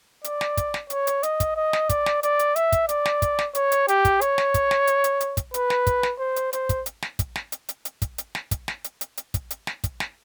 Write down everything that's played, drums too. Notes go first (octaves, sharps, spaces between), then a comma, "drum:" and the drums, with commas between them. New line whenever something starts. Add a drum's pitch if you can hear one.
D5, drum: hi-hat
drum: snare
drum: kick, hi-hat
drum: snare
C#5, drum: hi-hat
drum: hi-hat
D#5, drum: hi-hat
drum: kick, hi-hat
D#5
drum: snare
D5, drum: kick, hi-hat
drum: snare
D5, drum: hi-hat
drum: hi-hat
E5, drum: hi-hat
drum: kick, hi-hat
D5, drum: hi-hat
drum: snare
drum: kick, hi-hat
drum: snare
C#5, drum: hi-hat
drum: hi-hat
G4, drum: hi-hat
drum: kick, hi-hat
C#5, drum: hi-hat
drum: snare
drum: kick, hi-hat
drum: snare
drum: hi-hat
drum: hi-hat
drum: hi-hat
drum: kick, hi-hat
B4, drum: hi-hat
drum: snare
drum: kick, hi-hat
drum: snare
C5
drum: hi-hat
C5, drum: hi-hat
drum: kick, hi-hat
drum: hi-hat
drum: snare
drum: kick, hi-hat
drum: snare
drum: hi-hat
drum: hi-hat
drum: hi-hat
drum: kick, hi-hat
drum: hi-hat
drum: snare
drum: kick, hi-hat
drum: snare
drum: hi-hat
drum: hi-hat
drum: hi-hat
drum: kick, hi-hat
drum: hi-hat
drum: snare
drum: kick, hi-hat
drum: snare